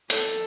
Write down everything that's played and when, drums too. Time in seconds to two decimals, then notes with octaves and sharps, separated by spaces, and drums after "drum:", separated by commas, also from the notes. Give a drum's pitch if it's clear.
0.10 A4, drum: hi-hat